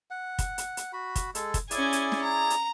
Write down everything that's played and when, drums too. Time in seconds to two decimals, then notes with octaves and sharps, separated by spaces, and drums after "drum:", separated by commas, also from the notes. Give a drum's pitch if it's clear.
0.11 F#5
0.39 drum: kick, hi-hat
0.58 drum: hi-hat
0.77 drum: hi-hat
0.93 F#4 B5
1.16 drum: kick, hi-hat
1.35 G#3 A4, drum: hi-hat
1.54 drum: kick, hi-hat
1.71 C#4 E4 G#4 D5 G#5, drum: hi-hat
1.93 drum: hi-hat
2.12 drum: snare
2.23 A#5
2.50 drum: hi-hat